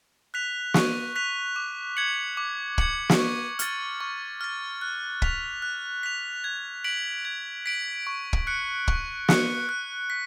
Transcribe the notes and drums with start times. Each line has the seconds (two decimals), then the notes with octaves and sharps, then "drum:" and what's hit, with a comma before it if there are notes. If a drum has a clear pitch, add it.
0.34 F#6 B6 F7
0.74 C#6, drum: snare
1.15 F#6 B6 F7
1.56 D6
1.97 G#6 C#7 F#7
2.37 D6
2.78 G#6 C#7 F#7, drum: kick
3.09 drum: snare
3.19 C#6
3.59 F6 A6, drum: hi-hat
4.01 C#6
4.41 F6 A6
4.81 F#6
5.22 B6 F7, drum: kick
5.62 F#6
6.03 B6 F7
6.44 G#6
6.84 B6 D7 F#7
7.25 G#6
7.66 B6 D7 F#7
8.07 C#6
8.33 drum: kick
8.47 F#6 C#7
8.88 C#6, drum: kick
9.29 F#6 C#7, drum: snare
9.69 F#6
10.10 B6